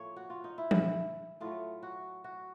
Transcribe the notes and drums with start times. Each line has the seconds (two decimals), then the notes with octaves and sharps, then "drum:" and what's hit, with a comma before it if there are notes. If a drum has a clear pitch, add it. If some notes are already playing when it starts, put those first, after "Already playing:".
Already playing: A2 F3 A#3 C#5
0.16 F#4
0.30 F4
0.44 D#4
0.58 E4
0.71 drum: tom F3
1.41 A2 F#3 A3 F4
1.83 F#4
2.24 F#4